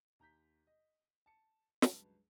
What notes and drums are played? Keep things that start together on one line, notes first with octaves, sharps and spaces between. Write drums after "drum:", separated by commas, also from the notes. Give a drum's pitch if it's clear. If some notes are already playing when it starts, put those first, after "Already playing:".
D#2 A#5 G6 B6
D#5
A5 C#7
C#2 G2 F#3 B4 A5, drum: snare